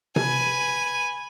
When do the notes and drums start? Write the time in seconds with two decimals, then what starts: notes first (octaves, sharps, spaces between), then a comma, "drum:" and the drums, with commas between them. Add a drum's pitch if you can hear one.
0.16 B4 G#5, drum: tom C3